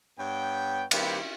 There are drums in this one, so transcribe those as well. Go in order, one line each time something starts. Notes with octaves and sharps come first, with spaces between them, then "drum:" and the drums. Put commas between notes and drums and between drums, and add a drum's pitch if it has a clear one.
G2 B3 C#5 G5
D#3 G3 A#3 C4 G4 B4, drum: cymbal